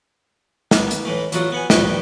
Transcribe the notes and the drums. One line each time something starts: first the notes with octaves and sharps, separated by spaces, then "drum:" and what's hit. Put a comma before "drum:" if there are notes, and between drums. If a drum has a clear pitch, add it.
A#3 B3, drum: snare
drum: hi-hat
A2 E3 A3
A1 E2 F#3 F4 F#4 D#6, drum: hi-hat
B3 F#5 G#5
G2 A#2 F3 B3 F#4 G5, drum: snare